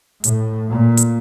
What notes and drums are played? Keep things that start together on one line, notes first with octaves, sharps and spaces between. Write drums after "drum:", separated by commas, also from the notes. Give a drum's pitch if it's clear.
A2, drum: hi-hat
A#2
drum: hi-hat